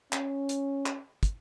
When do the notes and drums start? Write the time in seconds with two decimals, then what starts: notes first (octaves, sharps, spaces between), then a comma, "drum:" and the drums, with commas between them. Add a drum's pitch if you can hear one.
0.12 C#4, drum: clap
0.49 drum: hi-hat
0.86 drum: clap
1.23 drum: kick, hi-hat